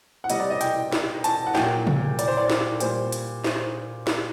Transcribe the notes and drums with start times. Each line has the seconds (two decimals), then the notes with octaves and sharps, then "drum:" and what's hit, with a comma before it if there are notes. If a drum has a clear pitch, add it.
0.24 F#5
0.30 C3 G3 D#5, drum: hi-hat
0.40 D5
0.50 D#5
0.61 G5, drum: hi-hat
0.92 drum: snare
1.24 A5, drum: hi-hat
1.47 F#5
1.55 A#2 F#3 G5, drum: snare
1.87 drum: tom C3
2.19 D5, drum: hi-hat
2.28 C5
2.37 D5
2.50 drum: snare
2.80 A#2 G3 C5, drum: hi-hat
3.12 drum: hi-hat
3.44 C5, drum: snare
4.07 drum: snare